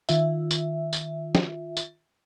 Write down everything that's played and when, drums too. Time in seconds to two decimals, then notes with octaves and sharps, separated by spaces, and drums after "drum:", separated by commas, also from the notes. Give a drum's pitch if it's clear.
0.09 D#3 F4 E5, drum: tambourine
0.51 drum: tambourine
0.93 drum: tambourine
1.35 drum: snare
1.77 drum: tambourine